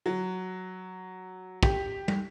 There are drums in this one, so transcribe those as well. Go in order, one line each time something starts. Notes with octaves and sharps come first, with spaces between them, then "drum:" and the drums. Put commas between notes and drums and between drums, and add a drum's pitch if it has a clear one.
F#3
G4, drum: kick
drum: tom